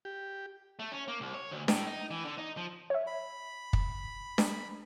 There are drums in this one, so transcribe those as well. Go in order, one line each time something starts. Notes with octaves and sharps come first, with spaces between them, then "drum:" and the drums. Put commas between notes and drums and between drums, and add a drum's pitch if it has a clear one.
G4
A3
C#4
A#3
C2
C#5
D2
A2, drum: snare D4
D#4
E3
D3
D#4
F3
C#5 E5
B5
drum: kick
drum: snare D4